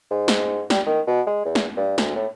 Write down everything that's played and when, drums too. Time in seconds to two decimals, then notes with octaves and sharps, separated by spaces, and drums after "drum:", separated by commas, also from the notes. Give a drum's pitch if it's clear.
0.10 G#2
0.28 drum: snare
0.70 G3, drum: snare
0.86 D#3
1.07 B2
1.27 G#3
1.45 E2
1.55 drum: snare
1.77 G2
1.98 D2, drum: snare
2.15 A2